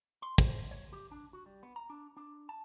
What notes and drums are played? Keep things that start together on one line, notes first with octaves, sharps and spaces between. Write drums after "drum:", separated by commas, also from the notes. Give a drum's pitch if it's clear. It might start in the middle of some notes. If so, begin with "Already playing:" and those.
C6
C5, drum: kick
C#5
G4
D4
F#4
G3
B3
A#5
D4
D4
A5